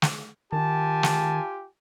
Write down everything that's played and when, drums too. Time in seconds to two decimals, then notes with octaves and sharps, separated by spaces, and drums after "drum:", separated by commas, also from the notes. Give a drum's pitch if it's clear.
0.02 drum: snare
0.53 D#3 F4 G4 G#5 A5
1.03 drum: snare